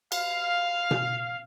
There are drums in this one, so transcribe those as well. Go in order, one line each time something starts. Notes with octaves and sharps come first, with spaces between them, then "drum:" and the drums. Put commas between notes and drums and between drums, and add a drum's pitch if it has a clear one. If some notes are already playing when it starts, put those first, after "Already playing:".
F5, drum: cymbal
drum: tom B2